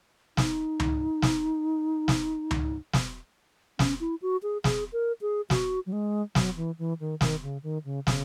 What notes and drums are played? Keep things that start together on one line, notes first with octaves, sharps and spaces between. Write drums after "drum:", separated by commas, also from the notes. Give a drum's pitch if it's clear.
D#4, drum: snare
drum: tom C#2
drum: snare
drum: snare
drum: tom C#2
drum: snare
C#4, drum: snare
E4
F#4
G#4
G#4, drum: snare
A#4
G#4
F#4, drum: snare
F#3
G#3
F#3, drum: snare
E3
E3
D#3
D#3, drum: snare
C#3
D#3
C#3
C#3, drum: snare